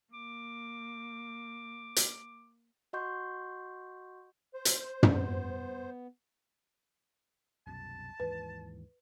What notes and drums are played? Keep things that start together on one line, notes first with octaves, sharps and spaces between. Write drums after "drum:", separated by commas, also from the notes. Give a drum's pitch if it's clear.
A#3 D6
drum: hi-hat
F#4 D#5 F#5 C6 C#6 G6
C5
drum: hi-hat
B3, drum: tom
C2 F#2 B2 A5
D#2 G#2 E3 B4